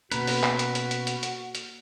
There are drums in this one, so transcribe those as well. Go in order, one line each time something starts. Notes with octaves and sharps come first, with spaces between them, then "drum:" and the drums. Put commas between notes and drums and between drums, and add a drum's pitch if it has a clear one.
B2 A#3 C#4 F#4 B4, drum: hi-hat
drum: open hi-hat
drum: clap
drum: hi-hat
drum: hi-hat
drum: hi-hat
drum: hi-hat
drum: hi-hat
drum: hi-hat